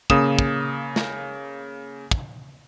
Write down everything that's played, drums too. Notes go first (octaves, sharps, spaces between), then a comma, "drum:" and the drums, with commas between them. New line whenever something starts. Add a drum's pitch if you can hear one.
C#3 A#3 D#6 E7, drum: kick
drum: kick
drum: snare
drum: kick